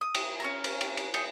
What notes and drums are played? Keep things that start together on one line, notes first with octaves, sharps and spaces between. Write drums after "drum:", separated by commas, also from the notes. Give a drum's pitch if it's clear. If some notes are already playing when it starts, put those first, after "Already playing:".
D#6
drum: cymbal
C#4 C#5 A#5
drum: cymbal
drum: cymbal
drum: cymbal
D#4, drum: cymbal